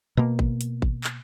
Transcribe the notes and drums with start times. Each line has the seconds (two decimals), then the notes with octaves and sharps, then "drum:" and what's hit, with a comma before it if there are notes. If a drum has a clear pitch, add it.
0.17 B2 A#3
0.39 drum: kick G#1
0.61 drum: hi-hat
0.82 drum: kick G#1
1.04 drum: clap